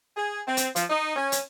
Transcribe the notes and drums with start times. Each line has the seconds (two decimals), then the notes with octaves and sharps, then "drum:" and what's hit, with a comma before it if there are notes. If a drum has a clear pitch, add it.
0.16 G#4
0.47 C4
0.57 drum: hi-hat
0.76 F3, drum: hi-hat
0.89 D#4
1.16 C#4
1.32 drum: hi-hat